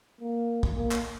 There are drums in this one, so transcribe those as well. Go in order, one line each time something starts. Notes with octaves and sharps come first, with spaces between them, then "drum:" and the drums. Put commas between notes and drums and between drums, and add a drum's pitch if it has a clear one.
A#3
drum: kick
A#3
drum: clap